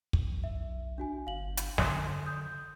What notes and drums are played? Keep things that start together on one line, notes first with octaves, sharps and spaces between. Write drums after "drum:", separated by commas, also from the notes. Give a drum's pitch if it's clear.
B1, drum: kick
E5
D4 F#4 G#5
G1 F5 F#7
drum: hi-hat
D3 G#5 C6, drum: snare
D#6 G6